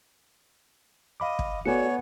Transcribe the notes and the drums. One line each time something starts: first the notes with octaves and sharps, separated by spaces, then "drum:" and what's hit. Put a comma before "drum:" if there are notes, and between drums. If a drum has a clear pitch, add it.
D#5 F5 B5 D6
drum: kick
B3 F#4 A4 C#5 D5 G#5 C#7